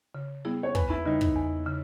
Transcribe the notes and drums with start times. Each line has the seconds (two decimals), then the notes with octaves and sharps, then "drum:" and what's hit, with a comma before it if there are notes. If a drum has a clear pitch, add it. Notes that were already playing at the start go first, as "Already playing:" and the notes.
0.15 C#3
0.45 G3 B3 E4 G#4
0.63 C#5
0.75 E2 B4, drum: kick
0.90 E4
1.05 C#3 G3 D#4
1.21 D#4, drum: kick
1.36 E2
1.66 C#3